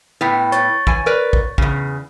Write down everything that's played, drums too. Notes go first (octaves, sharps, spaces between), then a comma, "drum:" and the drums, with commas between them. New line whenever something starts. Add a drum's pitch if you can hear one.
A2 B3 E4 G5 B6
C#5 C#6 A6, drum: hi-hat
E3 G#5, drum: kick
A#4 B4 D5
drum: kick
E2 C#3, drum: kick